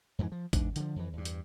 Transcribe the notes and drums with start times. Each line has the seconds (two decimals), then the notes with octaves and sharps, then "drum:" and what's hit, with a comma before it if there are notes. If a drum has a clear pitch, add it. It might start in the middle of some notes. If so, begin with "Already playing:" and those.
0.19 F2 G#2 C3 E3
0.32 F3
0.53 E2 G#2 D4, drum: kick, hi-hat
0.76 D3 F3, drum: hi-hat
0.96 F2 E3
1.13 E2 G2
1.25 drum: hi-hat